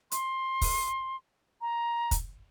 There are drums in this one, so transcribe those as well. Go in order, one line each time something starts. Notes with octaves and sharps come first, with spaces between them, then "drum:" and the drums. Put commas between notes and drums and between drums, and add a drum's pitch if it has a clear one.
C6, drum: hi-hat
drum: kick, open hi-hat
A#5
drum: kick, hi-hat